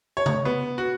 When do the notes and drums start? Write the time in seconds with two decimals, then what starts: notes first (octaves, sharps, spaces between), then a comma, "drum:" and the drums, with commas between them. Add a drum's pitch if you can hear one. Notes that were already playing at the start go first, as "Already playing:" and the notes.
0.17 C#5
0.26 drum: tom C#3
0.45 B3
0.78 F#4